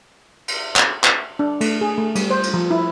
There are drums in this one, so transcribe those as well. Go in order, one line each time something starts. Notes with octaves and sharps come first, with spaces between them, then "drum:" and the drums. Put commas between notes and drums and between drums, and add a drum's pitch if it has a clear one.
drum: cymbal
drum: clap
drum: clap
D4
A3, drum: cymbal
G#4
A3
G3, drum: cymbal
C5
drum: cymbal
F3
E4